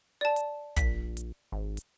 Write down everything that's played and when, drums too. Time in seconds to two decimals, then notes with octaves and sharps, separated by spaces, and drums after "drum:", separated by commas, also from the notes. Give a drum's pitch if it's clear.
0.21 D5 A5
0.36 drum: hi-hat
0.77 A#1 B6, drum: kick, hi-hat
1.17 drum: hi-hat
1.52 G#1
1.77 drum: hi-hat